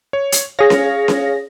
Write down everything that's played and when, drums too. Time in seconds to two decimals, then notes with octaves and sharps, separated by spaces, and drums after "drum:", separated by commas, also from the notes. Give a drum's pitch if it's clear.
0.13 C#5
0.32 drum: hi-hat
0.59 G#4 C#5 F5 A#6
0.70 drum: snare C#4
1.08 drum: snare C#4